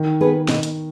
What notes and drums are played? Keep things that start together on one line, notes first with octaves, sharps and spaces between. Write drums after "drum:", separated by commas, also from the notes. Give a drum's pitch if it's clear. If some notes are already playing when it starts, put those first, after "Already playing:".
Already playing: D#3
B3 G#4 B4
B2, drum: snare
drum: hi-hat